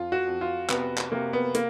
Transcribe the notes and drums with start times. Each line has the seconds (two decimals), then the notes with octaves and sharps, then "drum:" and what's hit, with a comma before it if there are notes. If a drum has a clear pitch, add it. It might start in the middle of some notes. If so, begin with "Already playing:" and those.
Already playing: F2 F4
0.12 F#4
0.26 F2
0.41 F4
0.70 C3 B3, drum: clap
0.98 drum: clap
1.12 C3 A#3
1.33 B3
1.55 A#3, drum: hi-hat